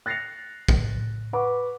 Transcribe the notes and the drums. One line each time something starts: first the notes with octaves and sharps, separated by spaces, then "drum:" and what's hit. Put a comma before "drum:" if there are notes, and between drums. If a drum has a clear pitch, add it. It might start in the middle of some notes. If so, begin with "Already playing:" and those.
F#6 A6 A#6 C7 C#7 F7
drum: kick
B4 F#5 B5 C#6 D6